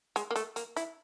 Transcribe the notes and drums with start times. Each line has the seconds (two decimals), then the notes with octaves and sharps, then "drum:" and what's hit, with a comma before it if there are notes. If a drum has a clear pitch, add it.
0.16 G#3, drum: hi-hat
0.31 A#3
0.36 A3, drum: hi-hat
0.56 A#3, drum: hi-hat
0.76 E4, drum: hi-hat